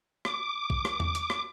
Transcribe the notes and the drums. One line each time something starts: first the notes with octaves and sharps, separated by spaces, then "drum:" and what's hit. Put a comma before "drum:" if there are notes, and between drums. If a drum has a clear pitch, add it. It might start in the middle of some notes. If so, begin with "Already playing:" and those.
D6, drum: rim click
drum: kick
drum: rim click
drum: tom E2
drum: hi-hat
drum: rim click